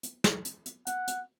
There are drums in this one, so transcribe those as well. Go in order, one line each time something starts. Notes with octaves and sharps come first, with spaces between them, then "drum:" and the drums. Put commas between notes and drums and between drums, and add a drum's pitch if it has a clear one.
drum: hi-hat
drum: snare
drum: hi-hat
drum: hi-hat
F#5, drum: hi-hat
drum: hi-hat